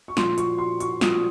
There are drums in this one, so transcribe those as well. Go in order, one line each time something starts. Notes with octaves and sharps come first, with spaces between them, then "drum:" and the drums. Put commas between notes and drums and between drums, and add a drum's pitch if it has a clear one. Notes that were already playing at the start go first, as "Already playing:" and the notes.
C#6
A#2 F3 C6, drum: snare
C#6, drum: hi-hat
C6
C#6, drum: hi-hat
A#2 F3 D#6, drum: snare